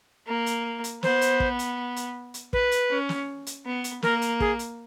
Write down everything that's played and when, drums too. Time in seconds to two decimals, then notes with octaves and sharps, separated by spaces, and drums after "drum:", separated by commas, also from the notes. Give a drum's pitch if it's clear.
0.27 A#3
0.46 drum: hi-hat
0.84 drum: hi-hat
1.03 B3 C5, drum: snare
1.21 drum: hi-hat
1.40 drum: kick
1.59 drum: hi-hat
1.96 drum: hi-hat
2.34 drum: hi-hat
2.53 B4, drum: kick
2.71 drum: hi-hat
2.90 C#4
3.09 drum: snare
3.47 drum: hi-hat
3.66 B3
3.84 drum: hi-hat
4.02 A#3 A#4, drum: snare
4.22 drum: hi-hat
4.40 G#4, drum: kick
4.59 drum: hi-hat